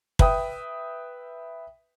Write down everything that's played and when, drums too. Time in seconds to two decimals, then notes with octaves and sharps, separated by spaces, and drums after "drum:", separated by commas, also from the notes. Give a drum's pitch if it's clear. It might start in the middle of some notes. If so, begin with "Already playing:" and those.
0.19 B4 E5 G5 D#6, drum: kick